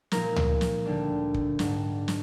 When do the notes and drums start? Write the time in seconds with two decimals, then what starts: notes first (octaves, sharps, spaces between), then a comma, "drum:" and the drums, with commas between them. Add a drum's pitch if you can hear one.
0.11 A#2 F3 A#3 D#4 A#4, drum: snare
0.36 drum: tom C#2
0.61 drum: snare
0.85 D2 D3 G3 D4
1.34 drum: kick
1.59 G#2 G3 D4, drum: snare
2.08 drum: snare